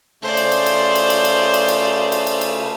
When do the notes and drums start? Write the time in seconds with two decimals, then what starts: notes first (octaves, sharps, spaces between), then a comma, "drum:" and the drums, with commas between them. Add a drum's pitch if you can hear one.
0.22 C#3 A3 C5 D5
0.37 drum: cymbal
0.52 drum: cymbal
0.66 drum: cymbal
0.95 drum: cymbal
1.10 drum: cymbal
1.24 drum: cymbal
1.54 drum: cymbal
1.68 drum: cymbal
2.12 drum: cymbal
2.27 drum: cymbal
2.41 drum: cymbal